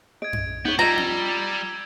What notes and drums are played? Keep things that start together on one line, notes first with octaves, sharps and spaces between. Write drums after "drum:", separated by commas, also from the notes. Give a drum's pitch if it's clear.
D#5 G#6 D7
drum: tom F#2
B3 D#4 C#5 G6 F#7
G3 F4 D#5 A#5 E6 G#6 A6
drum: tom C4